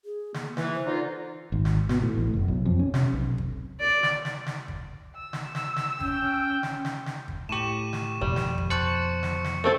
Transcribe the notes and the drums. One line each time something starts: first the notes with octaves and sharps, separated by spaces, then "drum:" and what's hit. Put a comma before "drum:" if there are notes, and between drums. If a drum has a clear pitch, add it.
G#4
A#3, drum: snare
E3 E4, drum: snare
C5
D3 D#4 F4
G#1
drum: snare
B2, drum: snare
A2
A1
F#1
B1
F2
C#4
C3, drum: snare
B1
drum: kick
D5
drum: snare
drum: snare
drum: snare
drum: kick
E6
drum: snare
drum: snare
drum: snare
C#4 G5, drum: kick
drum: snare
drum: snare
drum: snare
drum: kick
A2 G4 C#6 D#7 E7
drum: snare
F2 B2 G3
drum: snare
drum: kick
C5 A5 C#6 F#6 C#7
drum: snare
drum: snare
A3 C4 A4